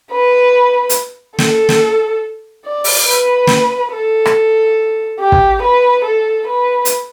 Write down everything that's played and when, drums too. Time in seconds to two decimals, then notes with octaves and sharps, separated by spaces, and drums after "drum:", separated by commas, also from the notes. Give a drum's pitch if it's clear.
0.12 B4
0.89 drum: hi-hat
1.38 A4, drum: snare
1.69 drum: snare
2.65 D5
2.84 drum: open hi-hat
3.07 B4
3.47 drum: snare
3.92 A4
4.26 drum: rim click
5.20 G4
5.32 drum: kick
5.62 B4
6.05 A4
6.47 B4
6.85 drum: hi-hat